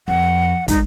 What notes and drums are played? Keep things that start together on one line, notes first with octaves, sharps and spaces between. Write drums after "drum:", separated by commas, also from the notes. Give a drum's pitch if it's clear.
F2 F#5
G#3 D#4, drum: kick, hi-hat